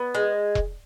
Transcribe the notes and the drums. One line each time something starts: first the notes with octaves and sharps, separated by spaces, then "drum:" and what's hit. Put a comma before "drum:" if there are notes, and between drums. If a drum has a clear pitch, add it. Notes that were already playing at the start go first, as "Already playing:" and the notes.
Already playing: B3
G#3
drum: kick E1